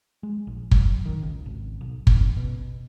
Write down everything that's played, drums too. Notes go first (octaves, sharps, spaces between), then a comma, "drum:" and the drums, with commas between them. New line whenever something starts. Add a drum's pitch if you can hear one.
G#3
A#1
F#3, drum: kick
D#3
C#2
G#1
B1
A1, drum: kick
B2